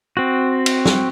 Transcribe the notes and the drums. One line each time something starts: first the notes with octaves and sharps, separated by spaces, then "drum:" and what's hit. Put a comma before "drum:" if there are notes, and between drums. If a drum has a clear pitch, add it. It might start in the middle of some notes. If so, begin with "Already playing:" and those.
C4 F#4
drum: cymbal
drum: snare